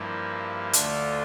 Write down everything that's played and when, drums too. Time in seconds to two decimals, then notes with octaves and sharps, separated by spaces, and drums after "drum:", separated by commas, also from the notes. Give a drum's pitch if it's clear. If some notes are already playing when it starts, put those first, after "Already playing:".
Already playing: G2 F3 A#3 E4
0.73 D2 D3 A3 D4 F4, drum: hi-hat